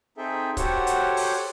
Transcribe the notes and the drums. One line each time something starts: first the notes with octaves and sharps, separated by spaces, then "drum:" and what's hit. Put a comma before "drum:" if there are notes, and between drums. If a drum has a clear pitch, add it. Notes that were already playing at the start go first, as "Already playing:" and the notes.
C4 D#4 G#4 A4 E5 G5
F#4 G4 A4 C5 C#5 F#5, drum: kick C#1, hi-hat
drum: hi-hat
drum: open hi-hat